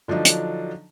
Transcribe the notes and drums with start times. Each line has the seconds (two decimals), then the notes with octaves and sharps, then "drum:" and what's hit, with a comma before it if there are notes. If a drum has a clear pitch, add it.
0.08 D3 F3 F#3 D4 D#4
0.25 drum: hi-hat